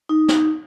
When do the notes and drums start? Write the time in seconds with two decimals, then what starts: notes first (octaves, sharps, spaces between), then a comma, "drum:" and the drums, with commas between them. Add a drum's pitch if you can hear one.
0.09 D#4
0.28 drum: snare